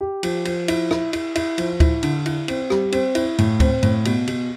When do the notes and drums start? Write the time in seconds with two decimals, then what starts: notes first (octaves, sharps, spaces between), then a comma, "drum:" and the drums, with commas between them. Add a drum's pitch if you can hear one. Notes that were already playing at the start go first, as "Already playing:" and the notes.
0.01 G4
0.23 F3, drum: cymbal
0.45 F3, drum: cymbal
0.68 E4, drum: cymbal
0.91 E4, drum: rim click
1.13 E4, drum: cymbal
1.35 E4, drum: cymbal
1.58 F3, drum: cymbal
1.80 E4, drum: kick D2, cymbal
2.03 D3, drum: cymbal
2.26 E4, drum: cymbal
2.48 C4, drum: cymbal
2.70 G3, drum: rim click
2.92 C4, drum: cymbal
3.15 E4, drum: cymbal
3.38 A2, drum: cymbal
3.60 C4, drum: kick D2, cymbal
3.83 A2, drum: cymbal
4.05 B2, drum: cymbal
4.27 B2, drum: cymbal